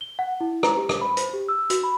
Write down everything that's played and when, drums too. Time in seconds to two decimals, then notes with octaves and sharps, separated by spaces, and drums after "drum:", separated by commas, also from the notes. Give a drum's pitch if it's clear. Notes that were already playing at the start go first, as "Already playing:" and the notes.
0.01 G7
0.19 F#5
0.41 E4
0.63 A#5, drum: rim click
0.77 G4
0.89 drum: rim click
1.01 B5
1.17 C5, drum: hi-hat
1.34 G4
1.49 E6
1.70 F#4, drum: hi-hat
1.83 B5